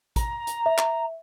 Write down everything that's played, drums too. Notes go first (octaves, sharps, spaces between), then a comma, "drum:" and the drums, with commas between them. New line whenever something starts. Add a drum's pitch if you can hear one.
A#5, drum: kick, hi-hat
drum: hi-hat
E5
drum: clap